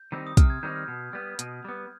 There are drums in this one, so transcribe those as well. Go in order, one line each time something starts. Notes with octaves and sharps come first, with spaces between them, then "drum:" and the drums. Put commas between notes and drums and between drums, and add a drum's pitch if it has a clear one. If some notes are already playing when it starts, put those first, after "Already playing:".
Already playing: G6
D#3 G3 C4 D#4
D#6
C3 F6, drum: kick, hi-hat
G#6
D#3 G3 C4 D#4 G6
F6
B2
G3 B3
B2, drum: hi-hat
G3 B3